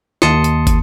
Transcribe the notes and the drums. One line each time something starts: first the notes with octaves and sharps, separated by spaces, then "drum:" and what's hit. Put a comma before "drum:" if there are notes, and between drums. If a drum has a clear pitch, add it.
D#2 A5 C6 D#6 C#7, drum: snare
drum: hi-hat
drum: kick, hi-hat